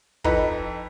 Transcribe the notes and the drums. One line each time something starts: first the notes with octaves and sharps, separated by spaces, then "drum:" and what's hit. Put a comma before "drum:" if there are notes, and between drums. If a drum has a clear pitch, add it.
F2 D#4 A4 B4 A#5, drum: kick